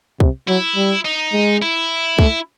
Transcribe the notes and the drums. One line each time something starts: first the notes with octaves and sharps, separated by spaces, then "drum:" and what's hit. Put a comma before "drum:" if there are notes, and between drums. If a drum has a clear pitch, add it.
C3, drum: kick
F#3 E4
G3
D#4
G#3
E4
A3, drum: kick